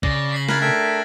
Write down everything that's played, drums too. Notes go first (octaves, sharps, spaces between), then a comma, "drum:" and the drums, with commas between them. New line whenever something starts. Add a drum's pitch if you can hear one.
C#3 D5 A#6, drum: kick
B6 C7 F#7
A#4 B5 F#6 G#6 A6, drum: snare
A3 D4 A#4 E5 G5 F6 G#6 B6